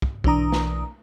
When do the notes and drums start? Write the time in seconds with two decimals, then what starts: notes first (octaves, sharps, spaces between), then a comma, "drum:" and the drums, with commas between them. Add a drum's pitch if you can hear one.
0.02 drum: kick
0.24 B1 E3 D4 A#5 D#6, drum: kick
0.52 drum: snare